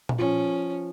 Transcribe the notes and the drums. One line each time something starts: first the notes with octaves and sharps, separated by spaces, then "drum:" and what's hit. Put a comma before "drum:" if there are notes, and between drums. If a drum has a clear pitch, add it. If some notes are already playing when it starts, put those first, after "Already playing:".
drum: tom A#2
F3 C#4